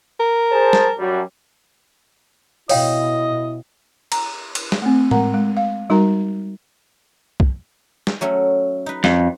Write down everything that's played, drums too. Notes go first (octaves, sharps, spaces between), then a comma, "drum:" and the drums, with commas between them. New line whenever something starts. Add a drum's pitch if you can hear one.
A#4
G#4 C5 A5
drum: snare
F#2 F#3 G3
B2 E4 C#5 D#5 F5 G5, drum: open hi-hat
A#5, drum: cymbal
drum: cymbal
drum: snare
A3 C4
G#3 A#4 F#5 A#5, drum: tom A2
G#3
F5
G3 D#4 F#4 A#4 A#5
drum: kick
drum: snare
F#3 A3 C#4
D#4 B4
F2, drum: snare